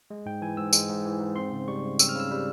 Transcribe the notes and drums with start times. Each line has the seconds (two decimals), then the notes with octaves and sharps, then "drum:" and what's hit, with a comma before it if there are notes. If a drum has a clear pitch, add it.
0.10 G#3
0.26 G#2 G5
0.42 E3 G#5
0.57 G#2 E6
0.73 G#3, drum: tambourine
0.89 G#2
1.05 E3
1.20 G#2
1.36 C4 C6
1.52 C#3
1.68 G3 C#6
1.84 C#3
1.99 C4 E6, drum: tambourine
2.09 F6
2.15 C#3 E6
2.31 G3